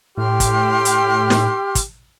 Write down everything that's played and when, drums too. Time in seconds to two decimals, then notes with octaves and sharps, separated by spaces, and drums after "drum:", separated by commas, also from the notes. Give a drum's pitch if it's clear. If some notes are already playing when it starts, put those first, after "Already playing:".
0.17 A2 G4 G5 C6 F6
0.40 drum: kick, hi-hat
0.85 drum: hi-hat
1.30 drum: snare
1.75 drum: kick, hi-hat